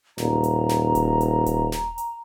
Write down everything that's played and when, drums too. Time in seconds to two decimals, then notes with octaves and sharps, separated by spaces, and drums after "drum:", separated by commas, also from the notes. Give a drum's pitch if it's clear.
0.18 D#1 A#5, drum: snare
0.44 drum: hi-hat
0.69 drum: snare
0.95 drum: kick D#1, hi-hat
1.21 drum: hi-hat
1.46 drum: kick D#1, hi-hat
1.72 drum: snare
1.98 drum: hi-hat